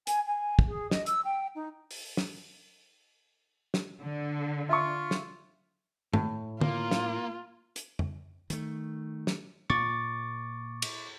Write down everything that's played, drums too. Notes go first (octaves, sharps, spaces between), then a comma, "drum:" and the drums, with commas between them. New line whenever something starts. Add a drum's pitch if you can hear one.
G#5, drum: hi-hat
G#5
drum: kick
G#4
D#5, drum: snare
E6, drum: hi-hat
G5
D#4
drum: open hi-hat
drum: snare
drum: snare
D3
F4 E5 C#6
drum: snare
A2, drum: tom
A#3 F4, drum: tom
drum: snare
drum: hi-hat
drum: tom F2
D#3 A3, drum: hi-hat
drum: snare
A#2 C#6 D6 A6
drum: cymbal